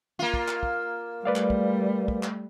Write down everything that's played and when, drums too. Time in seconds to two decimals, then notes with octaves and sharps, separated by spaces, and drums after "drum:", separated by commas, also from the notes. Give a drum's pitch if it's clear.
0.19 A#3 F4
0.34 drum: kick
0.48 drum: clap
0.63 drum: kick
1.25 G3 A3 B4 D5 F5
1.36 drum: clap
1.50 drum: kick
2.08 drum: kick
2.23 drum: clap